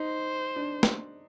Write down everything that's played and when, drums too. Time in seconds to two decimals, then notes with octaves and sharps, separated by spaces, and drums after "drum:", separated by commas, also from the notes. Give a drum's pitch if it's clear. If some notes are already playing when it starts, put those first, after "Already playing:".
Already playing: D#4 C5
0.56 D4
0.83 drum: snare